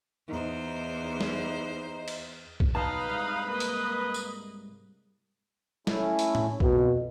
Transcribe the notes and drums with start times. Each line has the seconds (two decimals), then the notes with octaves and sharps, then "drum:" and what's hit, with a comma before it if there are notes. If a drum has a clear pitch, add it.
0.29 E2 D#4 C5
1.21 drum: snare
2.08 drum: cymbal
2.60 drum: kick B1
2.75 B1 B2 D#4 B4 F5 A5
3.09 C2 G#2
3.50 A#3 D#5
3.60 drum: hi-hat
4.14 drum: tambourine
5.87 A3 C#4 E4, drum: snare
6.19 drum: hi-hat
6.35 drum: tom A2
6.60 F2 B2, drum: kick B1